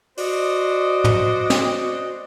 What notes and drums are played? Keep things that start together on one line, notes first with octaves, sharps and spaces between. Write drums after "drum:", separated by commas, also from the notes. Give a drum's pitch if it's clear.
F#4 C5 D5 D#5, drum: open hi-hat
drum: tom
drum: snare